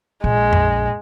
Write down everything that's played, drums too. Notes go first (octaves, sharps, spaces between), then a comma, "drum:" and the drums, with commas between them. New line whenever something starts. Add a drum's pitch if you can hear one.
A#1 G#3
drum: tom F2